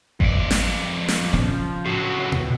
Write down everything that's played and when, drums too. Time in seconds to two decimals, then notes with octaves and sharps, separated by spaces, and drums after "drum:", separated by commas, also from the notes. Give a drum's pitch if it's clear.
0.20 F2 D5, drum: kick G#1
0.51 drum: snare
1.08 drum: snare
1.33 C#3 F3
1.86 A2 F#3 F#4
2.32 B2, drum: tom